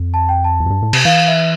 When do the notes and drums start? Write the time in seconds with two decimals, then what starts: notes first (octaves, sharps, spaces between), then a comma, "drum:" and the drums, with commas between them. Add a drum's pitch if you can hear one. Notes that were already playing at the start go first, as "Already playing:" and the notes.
Already playing: F2
0.14 A5
0.29 G5
0.44 A5
0.60 E2
0.66 F2
0.70 G2
0.83 A2
0.93 C3, drum: cymbal
1.05 E3 F5
1.28 E5